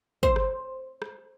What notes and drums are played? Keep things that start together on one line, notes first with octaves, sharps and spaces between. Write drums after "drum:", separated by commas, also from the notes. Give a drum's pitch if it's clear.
C5, drum: kick
drum: rim click
drum: rim click